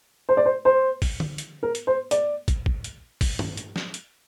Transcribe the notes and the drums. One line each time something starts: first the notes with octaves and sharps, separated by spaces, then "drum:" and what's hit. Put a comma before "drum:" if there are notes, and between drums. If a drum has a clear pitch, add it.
C5
D5
C5
C5
drum: kick, open hi-hat
drum: tom D3
drum: hi-hat
A#4
drum: hi-hat
C5
D5, drum: hi-hat
drum: kick, hi-hat
drum: kick
drum: hi-hat
drum: kick, open hi-hat
drum: tom
drum: hi-hat
drum: snare
drum: hi-hat